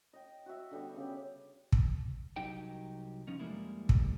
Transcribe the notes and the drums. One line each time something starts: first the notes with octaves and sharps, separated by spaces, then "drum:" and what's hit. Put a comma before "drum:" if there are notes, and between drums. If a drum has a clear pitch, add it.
D#5 G5
F#4 E5
D3 G3 B3
C#3 G4
drum: kick
C2 F#3 D#4 G4 G5
F3 C#4 D#4
F2 A2 G3 G#3 A#3 E4
drum: kick